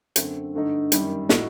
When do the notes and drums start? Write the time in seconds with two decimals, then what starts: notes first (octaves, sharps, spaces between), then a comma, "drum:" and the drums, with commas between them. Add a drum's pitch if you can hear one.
0.16 F#2 D3 A3 C4, drum: hi-hat
0.53 G2 D3 A3 D#4
0.92 F#2 D#3 G3, drum: hi-hat
1.29 A2 A3 D#4 F#4 A4, drum: snare